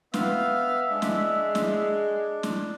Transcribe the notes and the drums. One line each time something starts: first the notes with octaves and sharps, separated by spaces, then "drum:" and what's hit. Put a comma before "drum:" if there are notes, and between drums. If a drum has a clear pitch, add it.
B3 E5 F5, drum: snare
G#3 D4
drum: snare
drum: snare
drum: snare